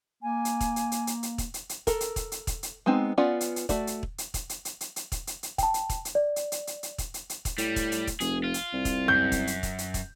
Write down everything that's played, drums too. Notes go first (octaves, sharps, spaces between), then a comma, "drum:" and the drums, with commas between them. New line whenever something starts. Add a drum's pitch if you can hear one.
A#3 G#5
drum: hi-hat
drum: kick, hi-hat
drum: hi-hat
drum: hi-hat
drum: hi-hat
drum: hi-hat
drum: kick, hi-hat
drum: hi-hat
drum: hi-hat
A4 A#4, drum: kick, hi-hat
drum: hi-hat
drum: kick, hi-hat
drum: hi-hat
drum: kick, hi-hat
drum: hi-hat
G#3 B3 C4 D#4
B3 C#4 F4 D5 F#5
drum: hi-hat
drum: hi-hat
A3 F#4 D5, drum: kick, hi-hat
drum: hi-hat
drum: kick
drum: hi-hat
drum: kick, hi-hat
drum: hi-hat
drum: hi-hat
drum: hi-hat
drum: hi-hat
drum: kick, hi-hat
drum: hi-hat
drum: hi-hat
G5 A5, drum: kick, hi-hat
drum: hi-hat
drum: kick, hi-hat
drum: hi-hat
D5
drum: hi-hat
drum: hi-hat
drum: hi-hat
drum: hi-hat
drum: kick, hi-hat
drum: hi-hat
drum: hi-hat
drum: kick, hi-hat
A2 G3, drum: hi-hat
drum: kick, hi-hat
drum: hi-hat
drum: kick, hi-hat
F1 G#4, drum: hi-hat
F4
drum: hi-hat
C2
drum: kick, hi-hat
F#2 G6
drum: kick, hi-hat
drum: hi-hat
drum: kick, hi-hat
drum: hi-hat
drum: kick, hi-hat